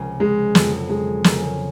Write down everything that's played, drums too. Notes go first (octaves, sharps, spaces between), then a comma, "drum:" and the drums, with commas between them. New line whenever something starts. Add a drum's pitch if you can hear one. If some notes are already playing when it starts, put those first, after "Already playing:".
Already playing: C#2 C3 F3 A#3 C#4
G#3
F2 D3 F#3, drum: snare
G#3
C#3 F3 A#3 C#4, drum: snare